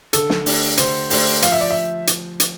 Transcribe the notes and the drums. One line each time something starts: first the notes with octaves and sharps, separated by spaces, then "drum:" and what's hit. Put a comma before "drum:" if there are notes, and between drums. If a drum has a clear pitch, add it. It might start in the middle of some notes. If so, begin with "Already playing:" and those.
D3 A4, drum: hi-hat
drum: snare
A3 D4 G4, drum: open hi-hat
D3 C5, drum: hi-hat
A3 D4 G4 C5, drum: open hi-hat
F3 F5, drum: hi-hat
E5
D5
E5
drum: hi-hat
drum: hi-hat